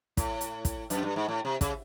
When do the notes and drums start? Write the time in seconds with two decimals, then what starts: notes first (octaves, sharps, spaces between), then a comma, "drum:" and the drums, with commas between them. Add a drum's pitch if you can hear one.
0.17 A2, drum: kick, hi-hat
0.41 drum: hi-hat
0.65 drum: kick, hi-hat
0.90 F#2, drum: hi-hat
1.03 G2
1.16 G#2
1.28 A2
1.45 C3
1.61 C#3, drum: kick, hi-hat